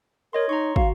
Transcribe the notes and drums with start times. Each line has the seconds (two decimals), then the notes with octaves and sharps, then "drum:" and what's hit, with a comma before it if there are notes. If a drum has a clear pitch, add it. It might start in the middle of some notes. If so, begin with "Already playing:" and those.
0.33 A#4 C#5 D#5 C6
0.49 D#4 A#5 C6 C#6
0.76 F#4 F5, drum: kick